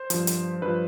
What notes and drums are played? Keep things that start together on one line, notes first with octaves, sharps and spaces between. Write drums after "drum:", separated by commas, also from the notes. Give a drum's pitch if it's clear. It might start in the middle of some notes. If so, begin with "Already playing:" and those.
Already playing: C5
G2 F3, drum: hi-hat
drum: hi-hat
G2 F3 B4